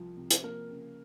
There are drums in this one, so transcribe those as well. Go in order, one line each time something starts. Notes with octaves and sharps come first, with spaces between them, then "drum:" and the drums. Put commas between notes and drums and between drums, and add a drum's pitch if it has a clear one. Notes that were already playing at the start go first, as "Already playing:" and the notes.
Already playing: C2 F3
C3
drum: hi-hat
F3 A#3 A#4
C#3